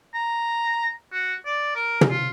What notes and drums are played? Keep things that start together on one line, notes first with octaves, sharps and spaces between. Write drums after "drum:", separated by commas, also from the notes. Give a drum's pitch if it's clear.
A#5
F#4
D5
A#4
drum: tom
F4